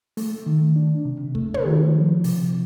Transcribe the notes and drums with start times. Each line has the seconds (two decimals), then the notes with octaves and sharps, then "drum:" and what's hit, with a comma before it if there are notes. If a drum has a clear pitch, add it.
0.17 A3, drum: open hi-hat
0.46 D#3
0.76 D4
1.05 C3
1.35 A3, drum: kick
1.54 drum: tom
1.65 D#3
1.95 F3
2.24 C3, drum: open hi-hat